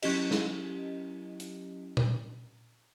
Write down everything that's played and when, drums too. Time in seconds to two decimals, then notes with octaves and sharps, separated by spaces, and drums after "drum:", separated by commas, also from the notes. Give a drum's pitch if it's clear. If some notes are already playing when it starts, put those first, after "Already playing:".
0.02 F#3 C#4 E4 G4 D#5, drum: cymbal
0.31 drum: snare
1.40 drum: hi-hat
1.97 drum: tom A#2